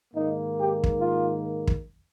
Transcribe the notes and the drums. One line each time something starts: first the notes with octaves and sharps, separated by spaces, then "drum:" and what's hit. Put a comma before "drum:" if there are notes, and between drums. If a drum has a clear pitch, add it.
G#2 D#3 A#3 D#4
G4
drum: kick
F4
drum: kick